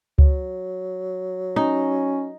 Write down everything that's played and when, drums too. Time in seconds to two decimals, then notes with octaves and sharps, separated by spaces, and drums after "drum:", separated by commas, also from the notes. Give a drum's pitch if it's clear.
0.19 F#3, drum: kick C#2
1.56 C#4 D#4